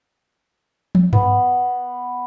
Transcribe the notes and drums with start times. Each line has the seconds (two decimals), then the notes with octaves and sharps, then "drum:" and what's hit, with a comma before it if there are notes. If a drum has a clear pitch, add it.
0.95 drum: tom
1.13 B3, drum: tom G2